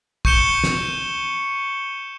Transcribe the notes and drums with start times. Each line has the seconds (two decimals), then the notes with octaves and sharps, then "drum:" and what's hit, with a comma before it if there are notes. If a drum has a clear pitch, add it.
0.25 C#6 G6 C#7 E7 G7, drum: kick
0.64 drum: snare